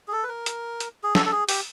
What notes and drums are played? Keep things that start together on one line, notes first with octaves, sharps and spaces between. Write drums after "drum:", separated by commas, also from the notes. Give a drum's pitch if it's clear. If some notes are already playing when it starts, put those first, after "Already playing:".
G#4
A4
B4
A#4
drum: hi-hat
drum: hi-hat
G#4
A4, drum: snare
A4
G#4
G4, drum: open hi-hat